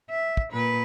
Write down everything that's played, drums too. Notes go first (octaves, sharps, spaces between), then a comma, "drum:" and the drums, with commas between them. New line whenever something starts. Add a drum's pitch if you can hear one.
E5
drum: kick
A#2 B4